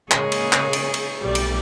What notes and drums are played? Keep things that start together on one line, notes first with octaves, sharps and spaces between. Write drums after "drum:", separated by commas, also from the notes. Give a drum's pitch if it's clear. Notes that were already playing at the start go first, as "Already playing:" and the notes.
C#3 G#3 A#3 G#4 C#5, drum: clap
drum: cymbal
drum: clap
drum: cymbal
drum: cymbal
B1 G3 A3 D5
drum: cymbal